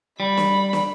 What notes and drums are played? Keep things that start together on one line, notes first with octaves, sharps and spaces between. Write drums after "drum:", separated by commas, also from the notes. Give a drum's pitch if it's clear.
G3 B5
drum: snare
drum: snare